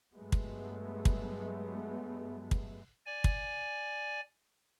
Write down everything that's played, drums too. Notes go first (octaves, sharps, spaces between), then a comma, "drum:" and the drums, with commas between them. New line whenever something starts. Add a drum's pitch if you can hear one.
G2 F#3 G#3 A3 B3
drum: kick
drum: kick
drum: kick
D5 G#5
drum: kick